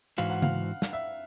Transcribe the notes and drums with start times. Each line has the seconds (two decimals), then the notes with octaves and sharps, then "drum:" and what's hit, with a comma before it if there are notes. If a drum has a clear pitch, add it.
0.18 G#2 E3 F#4 F5
0.30 F#5
0.42 F5, drum: tom C#3
0.82 drum: snare
0.93 E5